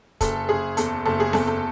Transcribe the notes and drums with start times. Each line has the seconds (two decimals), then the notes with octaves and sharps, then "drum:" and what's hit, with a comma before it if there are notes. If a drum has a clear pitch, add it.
0.21 F#1 A4, drum: kick, hi-hat
0.49 F#1 G#4
0.77 E2 A4, drum: hi-hat
1.06 F#1 A4
1.20 G#4
1.33 E2 A4, drum: snare C4
1.47 A4